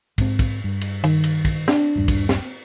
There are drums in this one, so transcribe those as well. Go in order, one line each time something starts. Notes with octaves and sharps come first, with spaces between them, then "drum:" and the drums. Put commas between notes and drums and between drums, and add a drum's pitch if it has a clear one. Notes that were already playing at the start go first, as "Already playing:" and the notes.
G#2 C4, drum: kick, cymbal
drum: kick, cymbal
G2
drum: cymbal
D#3, drum: cymbal
drum: cymbal
drum: kick, cymbal
D4, drum: snare
D#1 G2
drum: kick, cymbal
drum: snare